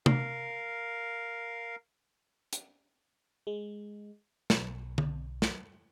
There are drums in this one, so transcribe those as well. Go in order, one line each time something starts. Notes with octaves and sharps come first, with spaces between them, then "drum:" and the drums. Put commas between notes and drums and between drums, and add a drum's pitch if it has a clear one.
A#4 F5, drum: tom
drum: hi-hat
G#3
B1, drum: snare
drum: tom D3
drum: snare